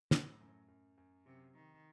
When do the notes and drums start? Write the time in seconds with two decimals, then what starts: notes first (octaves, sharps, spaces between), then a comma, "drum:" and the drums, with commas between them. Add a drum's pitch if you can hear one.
0.11 A2 F#3, drum: snare
0.41 F#2
0.68 F#2
0.98 F#2
1.26 C3 F#3
1.54 D#3 D#4